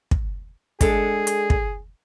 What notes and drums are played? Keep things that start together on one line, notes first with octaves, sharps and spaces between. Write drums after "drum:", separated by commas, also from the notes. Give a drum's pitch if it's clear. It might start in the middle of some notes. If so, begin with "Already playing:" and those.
drum: kick
G#3 D4 G#4 A4, drum: kick, hi-hat
drum: hi-hat
drum: kick